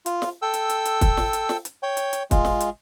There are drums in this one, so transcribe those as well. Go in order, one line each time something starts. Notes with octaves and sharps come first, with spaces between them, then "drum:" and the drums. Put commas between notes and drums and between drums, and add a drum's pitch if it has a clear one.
F4, drum: hi-hat
drum: snare
A4 G5 E6
drum: hi-hat
drum: hi-hat
drum: hi-hat
drum: kick, hi-hat
drum: snare
drum: hi-hat
drum: snare
drum: hi-hat
C#5 G5
drum: hi-hat
drum: hi-hat
G#3 F4, drum: kick, hi-hat
drum: snare
drum: hi-hat